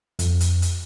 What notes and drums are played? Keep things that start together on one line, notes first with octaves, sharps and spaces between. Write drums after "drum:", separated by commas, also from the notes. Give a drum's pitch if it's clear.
F2, drum: hi-hat
drum: hi-hat
drum: hi-hat